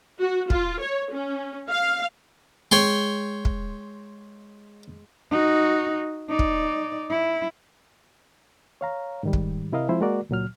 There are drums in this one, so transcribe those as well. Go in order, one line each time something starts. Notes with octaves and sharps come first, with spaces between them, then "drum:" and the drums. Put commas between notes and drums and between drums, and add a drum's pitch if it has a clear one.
F#4
F4, drum: kick
C#5
C#4
F5
G#3 C#5 G5 C6
drum: kick
D#4 F#4
D#4 D5
drum: kick
E4
C#5 F5 A#5
G#2 D#3 G3
drum: kick
C3 E4 A#4 D#5 F5
F3 G#3 C4 E4 C5
G#3 A#3 F#4 A#4 D5
C#2 A#2 F#3 F6